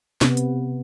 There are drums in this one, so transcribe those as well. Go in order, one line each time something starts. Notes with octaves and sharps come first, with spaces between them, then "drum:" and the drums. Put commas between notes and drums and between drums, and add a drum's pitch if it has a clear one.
C3 B3, drum: snare
drum: hi-hat